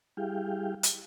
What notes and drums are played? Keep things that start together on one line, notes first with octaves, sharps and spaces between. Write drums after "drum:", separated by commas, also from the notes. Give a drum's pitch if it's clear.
G3 E4 G4 G#4 F5 G5
drum: hi-hat